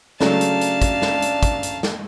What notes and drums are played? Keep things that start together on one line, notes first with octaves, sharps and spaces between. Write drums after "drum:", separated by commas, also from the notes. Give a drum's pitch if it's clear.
C#3 F#3 A3 D4 F5 A5, drum: snare
drum: hi-hat
drum: hi-hat
drum: kick, hi-hat
drum: snare
drum: hi-hat
drum: kick, hi-hat
drum: hi-hat
drum: snare